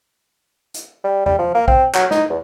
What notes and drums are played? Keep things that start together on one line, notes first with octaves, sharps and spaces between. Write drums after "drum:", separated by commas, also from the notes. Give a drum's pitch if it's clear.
drum: hi-hat
G3
G3, drum: tom E2
F3
A#3
C4, drum: kick A#1
F#3, drum: clap
D#4, drum: snare
E2